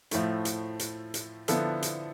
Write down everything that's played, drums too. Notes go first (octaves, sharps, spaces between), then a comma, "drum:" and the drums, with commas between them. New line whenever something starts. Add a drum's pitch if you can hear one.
A2 F3 A3 E4, drum: hi-hat
drum: hi-hat
drum: hi-hat
drum: hi-hat
D3 F3 B3 E4 A4, drum: hi-hat
drum: hi-hat